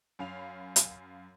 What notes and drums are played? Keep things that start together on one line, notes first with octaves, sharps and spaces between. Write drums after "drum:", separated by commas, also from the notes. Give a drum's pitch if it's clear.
F#2 C#4 F5 B5 F7
drum: hi-hat